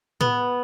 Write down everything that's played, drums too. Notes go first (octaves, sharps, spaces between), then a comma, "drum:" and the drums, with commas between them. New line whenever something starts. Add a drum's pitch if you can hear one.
B3, drum: tom A2